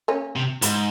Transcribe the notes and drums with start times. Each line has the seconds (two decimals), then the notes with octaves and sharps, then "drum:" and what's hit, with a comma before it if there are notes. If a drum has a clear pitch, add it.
0.08 A#3 C#4
0.36 C3
0.62 G#2, drum: hi-hat